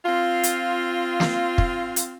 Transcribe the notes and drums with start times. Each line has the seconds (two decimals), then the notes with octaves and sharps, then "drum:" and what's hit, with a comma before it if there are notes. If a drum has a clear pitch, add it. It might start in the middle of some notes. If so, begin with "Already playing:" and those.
0.05 C4 F4
0.43 drum: hi-hat
1.20 drum: snare
1.58 drum: kick
1.96 drum: hi-hat